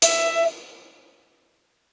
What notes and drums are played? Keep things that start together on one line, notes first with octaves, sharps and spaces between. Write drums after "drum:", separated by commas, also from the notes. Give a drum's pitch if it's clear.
E5, drum: hi-hat